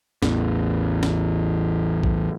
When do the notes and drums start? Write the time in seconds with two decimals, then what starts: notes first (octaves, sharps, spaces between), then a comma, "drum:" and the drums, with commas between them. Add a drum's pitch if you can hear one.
0.22 A1 E2, drum: snare
1.03 drum: snare
2.04 drum: kick A#1